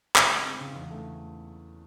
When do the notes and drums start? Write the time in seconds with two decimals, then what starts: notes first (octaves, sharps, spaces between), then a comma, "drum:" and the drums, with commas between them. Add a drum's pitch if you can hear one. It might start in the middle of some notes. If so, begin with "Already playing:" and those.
0.16 C#3, drum: clap
0.31 G#3
0.45 C4
0.61 C#3
0.76 E2
0.91 A3